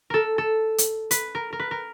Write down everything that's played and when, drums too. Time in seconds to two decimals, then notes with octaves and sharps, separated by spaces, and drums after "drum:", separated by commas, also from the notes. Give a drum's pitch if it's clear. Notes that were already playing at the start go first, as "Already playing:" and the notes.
0.10 A4 A#4
0.38 A4
0.78 drum: hi-hat
1.11 B4, drum: hi-hat
1.35 A#4
1.53 A#4
1.60 B4
1.71 A#4